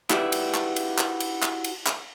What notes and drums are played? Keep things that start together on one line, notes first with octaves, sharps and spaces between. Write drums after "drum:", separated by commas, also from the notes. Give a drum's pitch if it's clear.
E4 F#4 G4 B4 D5 E5, drum: clap
drum: cymbal
drum: clap
drum: cymbal
drum: clap
drum: cymbal
drum: clap
drum: cymbal
drum: clap